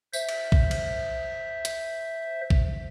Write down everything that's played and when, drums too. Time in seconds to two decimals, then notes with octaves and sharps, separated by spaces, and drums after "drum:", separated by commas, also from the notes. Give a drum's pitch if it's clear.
0.13 C5 E5, drum: tambourine
0.29 drum: cymbal
0.52 drum: kick B1
0.71 drum: cymbal
1.65 drum: hi-hat
2.50 drum: kick B1